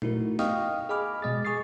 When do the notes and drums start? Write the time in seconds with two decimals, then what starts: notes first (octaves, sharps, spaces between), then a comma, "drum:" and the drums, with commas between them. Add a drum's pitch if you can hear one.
0.02 A3 D#4 E4 F#4 A#4, drum: tom A#2
0.39 D#5 F5 G5 C#6 D#6 F6, drum: snare
0.89 G#4 D#5 G#5 B5 D6 F6
1.22 B2 G#3 D#5 D#6 A6
1.45 G#4 G#5 C#6 D#6 A6 C7